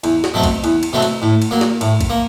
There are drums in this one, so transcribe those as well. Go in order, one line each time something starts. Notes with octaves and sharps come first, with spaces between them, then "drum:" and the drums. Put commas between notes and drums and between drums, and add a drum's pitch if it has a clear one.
E2, drum: cymbal
drum: snare
B2 F#3 A3 C4
drum: kick A#1, cymbal
E2, drum: cymbal
drum: cymbal
B2 F#3 A3 C4
drum: cymbal
A2
drum: cymbal
F#3 A#3
drum: snare
A2, drum: cymbal
drum: kick A#1, cymbal
A#3